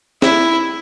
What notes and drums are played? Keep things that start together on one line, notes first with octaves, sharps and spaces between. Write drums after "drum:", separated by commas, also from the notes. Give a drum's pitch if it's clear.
E4, drum: snare